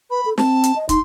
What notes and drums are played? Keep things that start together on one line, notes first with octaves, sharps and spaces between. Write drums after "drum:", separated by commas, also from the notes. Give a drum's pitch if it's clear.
B4 B5
A4
C4 A5, drum: snare
drum: hi-hat
D#5
D#4 C6, drum: kick, hi-hat